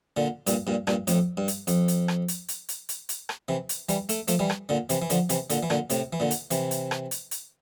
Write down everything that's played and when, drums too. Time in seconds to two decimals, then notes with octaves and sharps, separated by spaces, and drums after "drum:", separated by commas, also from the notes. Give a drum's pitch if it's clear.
0.17 A#2 D3
0.47 G2 A#2, drum: hi-hat
0.67 G2 A#2
0.87 G2 A#2, drum: rim click
1.07 F2 A2, drum: hi-hat
1.37 G2
1.48 drum: hi-hat
1.67 F2, drum: hi-hat
1.88 drum: hi-hat
2.08 drum: rim click
2.28 drum: hi-hat
2.48 drum: hi-hat
2.69 drum: hi-hat
2.89 drum: hi-hat
3.09 drum: hi-hat
3.29 drum: rim click
3.48 C3 E3
3.69 drum: hi-hat
3.89 E3 G3, drum: hi-hat
4.09 A3, drum: hi-hat
4.28 F3 A3, drum: hi-hat
4.39 E3 G3
4.50 drum: rim click
4.69 A#2 D3
4.89 C3 E3, drum: hi-hat
5.02 E3
5.10 D3 F3, drum: hi-hat
5.29 C3 E3, drum: hi-hat
5.50 A#2 D3, drum: hi-hat
5.63 E3
5.70 A#2 D3, drum: rim click
5.90 A2 C3, drum: hi-hat
6.13 E3
6.20 A#2 D3
6.31 drum: hi-hat
6.51 C3 E3, drum: hi-hat
6.71 drum: hi-hat
6.91 drum: rim click
7.11 drum: hi-hat
7.31 drum: hi-hat